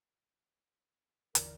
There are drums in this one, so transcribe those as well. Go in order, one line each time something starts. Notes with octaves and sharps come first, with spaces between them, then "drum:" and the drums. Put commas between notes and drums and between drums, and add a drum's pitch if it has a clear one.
G1 D#2 D3 E3 A#4 D5, drum: hi-hat